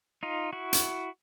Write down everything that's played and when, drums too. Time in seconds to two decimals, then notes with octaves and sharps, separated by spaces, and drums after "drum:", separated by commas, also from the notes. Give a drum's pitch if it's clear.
0.23 D#4 F4
0.53 E4 F#4
0.73 drum: hi-hat